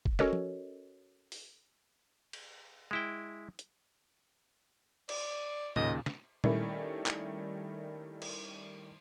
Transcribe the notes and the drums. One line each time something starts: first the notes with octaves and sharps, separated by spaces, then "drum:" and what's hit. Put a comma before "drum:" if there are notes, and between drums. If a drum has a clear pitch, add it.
drum: kick
C#4 F#4 A4 A#4 C#5 D#5, drum: snare
drum: tom F3
drum: open hi-hat
drum: cymbal
G#3 E4 G5
drum: hi-hat
D5, drum: cymbal
D#2 A#2 C#3 D#5, drum: tom A2
drum: snare
D#3 G3 A3 A#3 C#4 E4, drum: tom A#2
drum: clap
drum: cymbal